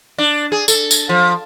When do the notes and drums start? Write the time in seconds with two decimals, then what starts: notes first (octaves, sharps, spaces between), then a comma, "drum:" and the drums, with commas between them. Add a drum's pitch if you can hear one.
0.18 D4
0.52 G#4
0.68 A4, drum: tambourine
0.91 drum: tambourine
1.09 F3